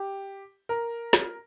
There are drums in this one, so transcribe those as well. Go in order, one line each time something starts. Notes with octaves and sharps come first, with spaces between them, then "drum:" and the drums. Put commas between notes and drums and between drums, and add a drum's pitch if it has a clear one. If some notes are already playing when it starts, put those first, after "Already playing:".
Already playing: G4
A#4
drum: snare